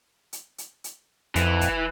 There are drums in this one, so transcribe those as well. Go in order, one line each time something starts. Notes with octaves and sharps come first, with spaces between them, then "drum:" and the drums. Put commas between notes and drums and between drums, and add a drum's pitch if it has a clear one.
drum: hi-hat
drum: hi-hat
drum: hi-hat
F2 E3, drum: hi-hat
drum: kick, hi-hat